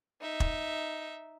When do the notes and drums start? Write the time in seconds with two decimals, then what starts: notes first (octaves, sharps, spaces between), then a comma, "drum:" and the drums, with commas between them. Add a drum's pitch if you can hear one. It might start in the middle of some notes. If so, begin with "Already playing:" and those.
0.21 D#4 E5
0.40 drum: kick